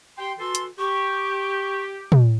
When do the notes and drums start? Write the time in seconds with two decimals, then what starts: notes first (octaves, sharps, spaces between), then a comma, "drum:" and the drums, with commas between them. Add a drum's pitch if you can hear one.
0.18 G4 G5 C6
0.39 E3 F#4 A4 C6
0.55 drum: hi-hat
0.79 G4 C#6
2.12 drum: tom